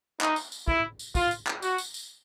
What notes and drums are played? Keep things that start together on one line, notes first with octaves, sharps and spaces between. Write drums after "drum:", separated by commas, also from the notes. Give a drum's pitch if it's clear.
D#4, drum: clap
drum: tambourine
drum: tambourine
E4, drum: kick
drum: tambourine
F4, drum: kick, tambourine
drum: tambourine
drum: clap
F#4, drum: tambourine
drum: tambourine
drum: tambourine